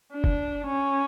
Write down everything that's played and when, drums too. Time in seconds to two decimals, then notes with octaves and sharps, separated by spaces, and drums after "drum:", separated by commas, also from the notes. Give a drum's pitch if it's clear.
0.13 D4
0.24 drum: kick
0.66 C#4